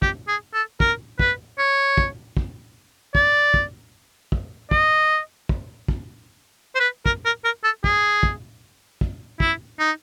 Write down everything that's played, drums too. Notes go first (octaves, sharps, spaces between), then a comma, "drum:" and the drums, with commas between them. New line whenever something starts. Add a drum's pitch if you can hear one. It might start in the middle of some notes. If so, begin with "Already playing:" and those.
G4, drum: kick
G#4
A4
A#4, drum: kick
B4, drum: kick
C#5
drum: kick
drum: kick
D5, drum: kick
drum: kick
drum: kick
D#5, drum: kick
drum: kick
drum: kick
C5
B4
A#4, drum: kick
A#4
A#4
A4
G#4, drum: kick
drum: kick
drum: kick
E4, drum: kick
D#4